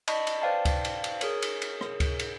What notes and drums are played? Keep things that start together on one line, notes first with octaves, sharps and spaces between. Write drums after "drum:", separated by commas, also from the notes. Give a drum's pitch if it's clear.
D5 D#5 A5 B5 C#6, drum: cymbal
drum: cymbal
B4 C5 D5 F5 G5 A5
drum: kick C#2, cymbal
drum: cymbal
drum: cymbal
G#4 A#4 C#5, drum: cymbal
drum: cymbal
drum: cymbal
drum: rim click
drum: kick C#2, cymbal
drum: cymbal